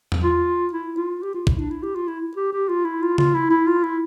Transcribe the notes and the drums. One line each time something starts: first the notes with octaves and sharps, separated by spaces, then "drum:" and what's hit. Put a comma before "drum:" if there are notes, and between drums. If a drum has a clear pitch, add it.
drum: tom E2
F4
E4
F4
G4
F4
E4, drum: kick
D4
E4
G4
F4
E4
G4
G4
F4
E4
F4
F4, drum: tom C#3
E4
E4
F4
E4